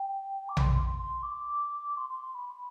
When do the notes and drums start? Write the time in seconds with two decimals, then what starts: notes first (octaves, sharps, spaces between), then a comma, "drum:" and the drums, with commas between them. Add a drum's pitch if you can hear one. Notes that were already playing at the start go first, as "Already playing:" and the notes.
Already playing: G5
0.48 D6
0.57 B5, drum: tom A#1
0.61 C6
0.73 C6
0.86 C6
0.98 C6
1.23 D6
1.97 C6
2.09 C6
2.21 C6
2.34 B5